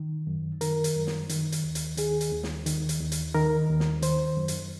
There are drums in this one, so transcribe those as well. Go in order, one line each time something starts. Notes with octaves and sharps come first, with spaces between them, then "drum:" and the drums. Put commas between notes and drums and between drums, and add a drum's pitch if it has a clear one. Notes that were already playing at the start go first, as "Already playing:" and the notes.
Already playing: D#3
F#2
D#3 A#4, drum: hi-hat
drum: hi-hat
F#2
drum: snare
D#3, drum: hi-hat
drum: hi-hat
D#2
drum: hi-hat
D#3 G#4, drum: hi-hat
drum: hi-hat
D#2
drum: snare
D#3, drum: hi-hat
drum: hi-hat
D#2
drum: hi-hat
D#3 A#4
D#2
drum: snare
D#3 C5, drum: hi-hat
F#2
drum: hi-hat